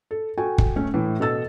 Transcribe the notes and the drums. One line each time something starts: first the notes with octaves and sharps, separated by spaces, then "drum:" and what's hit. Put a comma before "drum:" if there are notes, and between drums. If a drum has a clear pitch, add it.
A4
F#4 A4 G5 G#5
drum: kick
A3 C#4 C#5
A2 E3
B2 A4 E6 A6